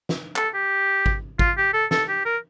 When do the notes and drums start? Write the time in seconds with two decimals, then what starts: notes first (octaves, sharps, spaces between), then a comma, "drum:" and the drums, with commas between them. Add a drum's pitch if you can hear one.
0.09 drum: snare
0.36 A4, drum: clap
0.54 G4
1.06 drum: kick G#1
1.39 F4, drum: kick G#1
1.57 G4
1.73 A4
1.91 A4, drum: snare
2.09 G4
2.25 A#4